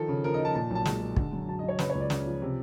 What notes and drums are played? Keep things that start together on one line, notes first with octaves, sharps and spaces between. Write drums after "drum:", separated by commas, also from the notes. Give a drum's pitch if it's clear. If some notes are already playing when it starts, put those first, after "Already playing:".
Already playing: D#3 F3 A4
C#3
F3 A#4
D#5
F3
A5
A#2 A5
B1 A5
G#3, drum: snare
G#3
D3, drum: kick
F#2
F#3 A5
F#3 D#5
C#5
C#3 B4, drum: snare
C#5
C#2
D5
C#3, drum: snare
F3
C3